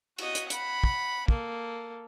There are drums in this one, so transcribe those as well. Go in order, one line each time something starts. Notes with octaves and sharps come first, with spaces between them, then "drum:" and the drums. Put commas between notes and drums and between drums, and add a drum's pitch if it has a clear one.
F#4 D#5, drum: cymbal
drum: hi-hat
F#5 B5, drum: hi-hat
drum: kick
A#3 A4, drum: kick